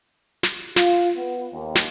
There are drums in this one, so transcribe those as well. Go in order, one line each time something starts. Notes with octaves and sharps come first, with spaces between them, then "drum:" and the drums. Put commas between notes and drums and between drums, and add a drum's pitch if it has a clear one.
drum: snare
F4, drum: snare
B3
D#2
drum: snare